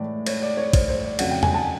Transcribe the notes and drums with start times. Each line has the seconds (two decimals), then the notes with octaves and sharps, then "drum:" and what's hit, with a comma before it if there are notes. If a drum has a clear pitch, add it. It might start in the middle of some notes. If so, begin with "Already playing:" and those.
Already playing: A2 E3 G#3 D5
0.26 C#5, drum: cymbal
0.42 D5
0.57 C#5
0.73 C5, drum: kick, cymbal
0.89 C5
1.04 D5
1.19 F2 C#3 F#3 F#5, drum: cymbal
1.31 G5
1.43 G#5, drum: tom E2
1.54 A5